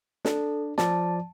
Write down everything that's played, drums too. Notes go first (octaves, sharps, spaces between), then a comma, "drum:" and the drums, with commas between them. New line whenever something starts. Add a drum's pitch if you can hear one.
D4 A4, drum: snare
F3 D5 A5, drum: snare